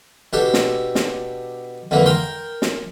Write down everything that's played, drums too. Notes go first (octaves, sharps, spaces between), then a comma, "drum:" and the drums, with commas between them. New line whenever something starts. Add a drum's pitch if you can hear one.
B2 D4 G4 A4
drum: snare
drum: snare
F2 D3 E3 A#3
A#4 G5 C6
drum: snare